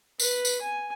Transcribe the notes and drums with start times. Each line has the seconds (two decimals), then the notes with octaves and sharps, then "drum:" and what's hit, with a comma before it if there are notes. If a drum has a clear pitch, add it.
0.20 B4, drum: tambourine
0.45 drum: tambourine
0.62 G#5